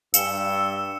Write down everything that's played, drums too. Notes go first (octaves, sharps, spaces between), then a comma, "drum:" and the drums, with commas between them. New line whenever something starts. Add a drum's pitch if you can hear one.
G2 F5 G5 G#5 E6 C#7 E7 G7, drum: tambourine